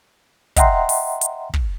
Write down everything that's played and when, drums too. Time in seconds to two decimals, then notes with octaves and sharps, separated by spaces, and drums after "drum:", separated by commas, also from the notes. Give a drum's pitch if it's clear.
0.57 D#5 E5 F#5 G5 A#5 C6, drum: kick, hi-hat
0.89 drum: open hi-hat
1.21 drum: hi-hat
1.54 drum: kick